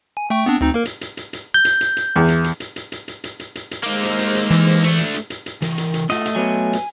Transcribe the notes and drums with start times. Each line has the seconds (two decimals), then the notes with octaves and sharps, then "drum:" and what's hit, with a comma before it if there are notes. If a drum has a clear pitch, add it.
0.17 G#5
0.30 A3 G5 C#6
0.46 B3 C4 D4
0.61 D2 C4 D#4
0.74 A#3 A#4
0.85 drum: hi-hat
1.01 drum: hi-hat
1.17 drum: hi-hat
1.33 drum: hi-hat
1.54 G6
1.65 drum: hi-hat
1.81 drum: hi-hat
1.97 drum: hi-hat
2.16 E2
2.28 drum: hi-hat
2.44 drum: hi-hat
2.60 drum: hi-hat
2.76 drum: hi-hat
2.92 drum: hi-hat
3.08 drum: hi-hat
3.24 drum: hi-hat
3.40 drum: hi-hat
3.55 drum: hi-hat
3.71 drum: hi-hat
3.83 G#3 A#3 D#4 C5 E6
4.03 drum: hi-hat
4.19 drum: hi-hat
4.35 drum: hi-hat
4.50 E3, drum: hi-hat
4.67 drum: hi-hat
4.84 A3 D4, drum: hi-hat
4.98 drum: hi-hat
5.14 drum: hi-hat
5.30 drum: hi-hat
5.46 drum: hi-hat
5.62 E3 A#4, drum: hi-hat
5.78 drum: hi-hat
5.94 drum: hi-hat
6.10 A3 F4 F#4 D#5, drum: hi-hat
6.25 drum: hi-hat
6.36 F#3 B3 G#5
6.73 drum: hi-hat